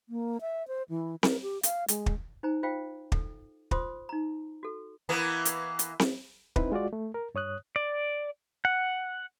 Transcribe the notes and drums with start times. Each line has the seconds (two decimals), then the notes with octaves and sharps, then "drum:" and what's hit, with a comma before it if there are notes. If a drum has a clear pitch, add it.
0.09 A#3
0.41 E5
0.68 C5
0.89 E3
1.23 A#4, drum: snare C4
1.42 G4
1.63 F5, drum: hi-hat
1.88 G#3, drum: hi-hat
2.06 drum: kick
2.43 D#4 C5 G#5 A#5
2.63 F4 C5 F5 G5
3.12 A4, drum: kick
3.71 F4 C5 C6 D#6, drum: kick
4.09 D#4 A#5
4.63 F#4 A4
5.09 E3 A#3 B3
5.45 drum: hi-hat
5.79 drum: hi-hat
6.00 drum: snare C4
6.56 C4 D#4 E4 B4, drum: kick
6.72 G#3 F4 F#4 D5
6.93 A3
7.14 A#4
7.35 G2 C#5 D#6 F#6
7.76 D5
8.65 F#5